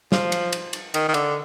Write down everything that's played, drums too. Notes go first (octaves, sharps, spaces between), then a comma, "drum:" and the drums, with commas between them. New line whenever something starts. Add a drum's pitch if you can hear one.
F3, drum: snare
drum: cymbal
drum: cymbal
drum: cymbal
D#3, drum: cymbal
D#3
D3, drum: cymbal